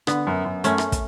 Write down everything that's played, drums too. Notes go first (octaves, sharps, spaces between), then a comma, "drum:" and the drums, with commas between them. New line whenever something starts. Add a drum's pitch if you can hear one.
D3 B3, drum: rim click
F#2
F#2
F#2 A3 C#4, drum: hi-hat
drum: rim click
drum: kick, hi-hat